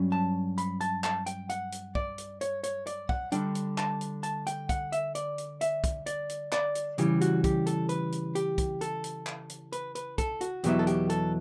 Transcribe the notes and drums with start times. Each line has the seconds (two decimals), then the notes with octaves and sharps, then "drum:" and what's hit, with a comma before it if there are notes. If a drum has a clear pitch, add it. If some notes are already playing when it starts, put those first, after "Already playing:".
Already playing: G2 F#3 C#4
0.12 A5
0.58 B5, drum: hi-hat
0.81 A5, drum: hi-hat
1.04 A5, drum: clap
1.26 G5, drum: hi-hat
1.50 F#5, drum: hi-hat
1.72 drum: hi-hat
1.95 D5, drum: kick
2.18 drum: hi-hat
2.41 C#5, drum: hi-hat
2.63 C#5, drum: hi-hat
2.87 D5, drum: hi-hat
3.09 F#5, drum: kick
3.32 D3 G3 D4 G5, drum: hi-hat
3.55 drum: hi-hat
3.78 A5, drum: clap
4.01 drum: hi-hat
4.23 A5, drum: hi-hat
4.47 G5, drum: hi-hat
4.69 F#5, drum: kick, hi-hat
4.92 E5, drum: hi-hat
5.15 D5, drum: hi-hat
5.38 drum: hi-hat
5.61 E5, drum: hi-hat
5.84 drum: kick, hi-hat
6.06 D5, drum: hi-hat
6.29 drum: hi-hat
6.52 D5, drum: clap
6.75 drum: hi-hat
6.98 C#3 E3 G3 G4, drum: hi-hat
7.21 F#4, drum: hi-hat
7.44 G4, drum: kick, hi-hat
7.66 A4, drum: hi-hat
7.89 B4, drum: hi-hat
8.12 drum: hi-hat
8.35 G4, drum: hi-hat
8.58 drum: kick, hi-hat
8.81 A4, drum: hi-hat
9.04 drum: hi-hat
9.27 drum: clap
9.49 drum: hi-hat
9.72 B4, drum: hi-hat
9.95 B4, drum: hi-hat
10.18 A4, drum: kick, hi-hat
10.41 F#4, drum: hi-hat
10.64 E2 B2 F#3 B3 E4 G4, drum: hi-hat
10.79 A4
10.87 G4, drum: hi-hat
11.10 A4, drum: hi-hat